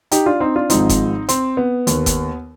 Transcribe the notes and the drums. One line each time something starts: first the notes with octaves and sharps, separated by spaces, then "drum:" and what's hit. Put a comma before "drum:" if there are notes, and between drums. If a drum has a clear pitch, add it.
D#4 G4, drum: hi-hat
D4 F4
C4 D#4
D4 F4
G#1 G#2 F3 C4 D#4, drum: hi-hat
drum: kick F#1, hi-hat
C4, drum: hi-hat
B3
D#2 D#3, drum: hi-hat
drum: kick F#1, hi-hat